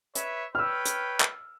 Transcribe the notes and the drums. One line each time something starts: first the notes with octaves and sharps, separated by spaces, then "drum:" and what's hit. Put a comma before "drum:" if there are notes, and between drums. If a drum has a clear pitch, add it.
B4 C#5 E5, drum: hi-hat
B4 C#5 G5 E6 F6
drum: hi-hat
drum: clap